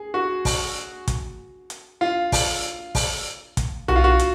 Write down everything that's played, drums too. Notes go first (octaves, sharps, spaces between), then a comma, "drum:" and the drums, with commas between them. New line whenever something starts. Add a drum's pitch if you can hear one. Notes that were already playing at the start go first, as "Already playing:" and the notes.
Already playing: G#4
F#4
drum: kick, open hi-hat
drum: kick, hi-hat
drum: hi-hat
F4
drum: kick, open hi-hat
drum: kick, open hi-hat
drum: kick, hi-hat
F#4, drum: tom B1
F4
F#4
drum: hi-hat